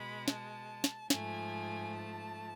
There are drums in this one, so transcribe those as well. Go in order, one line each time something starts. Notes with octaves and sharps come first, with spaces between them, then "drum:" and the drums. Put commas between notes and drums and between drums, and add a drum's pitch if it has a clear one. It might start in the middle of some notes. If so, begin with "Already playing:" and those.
Already playing: B2 G#3 B5
A5, drum: snare
drum: snare
G#2 F3 A3 G#5, drum: snare
A5